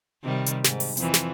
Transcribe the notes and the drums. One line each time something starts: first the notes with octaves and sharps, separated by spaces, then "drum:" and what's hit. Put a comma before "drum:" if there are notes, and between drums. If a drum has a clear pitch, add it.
C3 D#3 G3
drum: hi-hat
G#2, drum: snare
drum: open hi-hat
F2 E3, drum: hi-hat
drum: snare